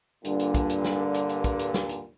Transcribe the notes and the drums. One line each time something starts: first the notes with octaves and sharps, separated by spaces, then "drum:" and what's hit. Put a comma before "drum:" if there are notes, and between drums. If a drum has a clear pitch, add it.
G2 A#2 D3, drum: hi-hat
drum: hi-hat
drum: kick, hi-hat
drum: hi-hat
drum: snare
drum: hi-hat
drum: hi-hat
drum: kick, hi-hat
drum: hi-hat
drum: snare
drum: hi-hat